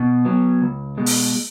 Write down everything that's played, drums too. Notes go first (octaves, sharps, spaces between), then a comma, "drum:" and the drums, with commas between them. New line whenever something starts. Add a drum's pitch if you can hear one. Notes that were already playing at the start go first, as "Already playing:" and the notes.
Already playing: B2
F#3 B3
C#2
B2 G#3
drum: open hi-hat